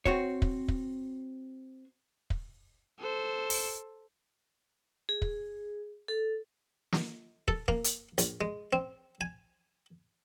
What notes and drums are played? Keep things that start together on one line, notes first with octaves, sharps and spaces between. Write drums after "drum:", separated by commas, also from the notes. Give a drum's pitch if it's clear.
C4 F#4 C#5, drum: kick
drum: kick
drum: kick
drum: kick
A4 C5
drum: open hi-hat
G#4
drum: kick
A4
drum: snare
A4, drum: kick
A#3, drum: kick
drum: hi-hat
A#1, drum: hi-hat
G#3
C4
G#5